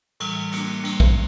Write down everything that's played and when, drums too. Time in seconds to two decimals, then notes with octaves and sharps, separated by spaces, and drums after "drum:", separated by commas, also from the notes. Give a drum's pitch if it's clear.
0.20 A2 E3 G3, drum: cymbal
0.52 G3 A#3 D4, drum: cymbal
0.84 G3 A#3 D4, drum: cymbal
1.00 drum: kick